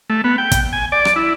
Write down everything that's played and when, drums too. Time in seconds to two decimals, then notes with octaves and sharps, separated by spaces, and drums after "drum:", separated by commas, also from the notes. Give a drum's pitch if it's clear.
0.10 A3
0.24 B3
0.38 G5
0.51 drum: kick, hi-hat
0.73 G#5
0.92 D5
1.05 drum: rim click
1.16 E4